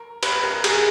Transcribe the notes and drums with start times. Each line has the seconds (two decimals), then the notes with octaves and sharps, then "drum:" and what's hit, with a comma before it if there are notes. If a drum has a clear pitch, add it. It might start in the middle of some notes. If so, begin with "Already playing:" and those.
Already playing: A#4
0.23 B4, drum: cymbal
0.43 A#4
0.64 G#4, drum: cymbal